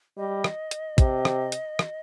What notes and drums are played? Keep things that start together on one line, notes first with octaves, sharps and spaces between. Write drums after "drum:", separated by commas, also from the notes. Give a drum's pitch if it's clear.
G3 D#5
drum: rim click
drum: hi-hat
C3, drum: kick, hi-hat
drum: rim click
drum: hi-hat
drum: rim click